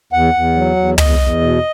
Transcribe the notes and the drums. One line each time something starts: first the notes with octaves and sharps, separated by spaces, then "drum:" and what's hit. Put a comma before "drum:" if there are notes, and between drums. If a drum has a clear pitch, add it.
E2 F#5
E2
F#3
E2
E2 D#5, drum: tom
E2
B2